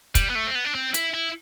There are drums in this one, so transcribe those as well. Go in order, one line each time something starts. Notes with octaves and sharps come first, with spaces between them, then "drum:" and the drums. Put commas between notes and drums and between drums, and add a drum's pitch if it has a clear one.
G3, drum: kick, hi-hat
B3
A3
C4
B3
D4
C4
E4, drum: hi-hat
E4